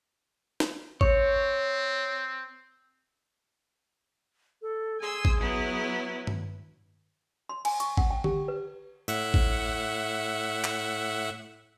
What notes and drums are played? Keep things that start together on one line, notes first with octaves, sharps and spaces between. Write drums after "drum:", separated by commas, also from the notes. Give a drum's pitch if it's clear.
drum: snare
C4 C#5, drum: kick G#1
A4
G#4 G#5 C6 E6
drum: kick G#1
F#3 B3 E4
drum: tom G2
C6
G#5, drum: cymbal
C#6, drum: hi-hat
F#5, drum: kick G#1
G5
G4, drum: tom D3
B4
A2 E5 F#5, drum: tambourine
drum: kick G#1
drum: clap